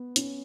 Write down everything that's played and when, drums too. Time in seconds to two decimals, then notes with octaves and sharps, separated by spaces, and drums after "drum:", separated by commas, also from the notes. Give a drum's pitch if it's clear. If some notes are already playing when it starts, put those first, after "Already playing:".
Already playing: B3
0.16 C#4, drum: hi-hat